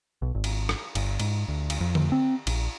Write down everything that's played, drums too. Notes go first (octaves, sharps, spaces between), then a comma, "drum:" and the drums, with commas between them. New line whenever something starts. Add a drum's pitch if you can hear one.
B1
G#1
drum: cymbal
drum: rim click
G1, drum: cymbal
G#2, drum: cymbal
D2
drum: cymbal
F2
drum: tom D3
C4
A#1, drum: cymbal